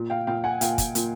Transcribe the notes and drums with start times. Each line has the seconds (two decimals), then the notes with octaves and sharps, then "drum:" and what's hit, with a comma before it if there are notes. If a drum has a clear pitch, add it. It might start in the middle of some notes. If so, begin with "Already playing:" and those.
Already playing: A#2
0.10 F5 G5
0.27 A#2 F5 G5
0.44 F#5 G#5
0.61 A#2 F5 G5, drum: hi-hat
0.78 drum: kick, hi-hat
0.95 A#2, drum: hi-hat